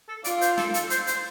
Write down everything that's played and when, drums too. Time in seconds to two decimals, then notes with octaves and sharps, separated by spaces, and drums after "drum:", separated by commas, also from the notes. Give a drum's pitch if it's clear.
0.09 A4
0.24 F4 D5, drum: hi-hat
0.41 C5, drum: hi-hat
0.58 A4, drum: snare
0.74 A4, drum: hi-hat
0.90 C5, drum: hi-hat
1.07 C5, drum: hi-hat